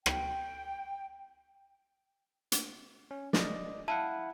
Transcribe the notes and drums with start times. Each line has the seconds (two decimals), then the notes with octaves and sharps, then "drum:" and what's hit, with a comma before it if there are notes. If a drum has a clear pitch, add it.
0.06 G5, drum: rim click
2.52 drum: hi-hat
3.11 C#4
3.33 D5 D#5, drum: snare
3.88 E4 F5 F#5 A5